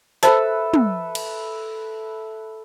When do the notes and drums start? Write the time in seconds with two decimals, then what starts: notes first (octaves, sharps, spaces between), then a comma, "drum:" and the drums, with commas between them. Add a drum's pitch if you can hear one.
0.23 A4 B4 C5 E5 A5, drum: hi-hat
0.74 drum: tom
1.15 drum: cymbal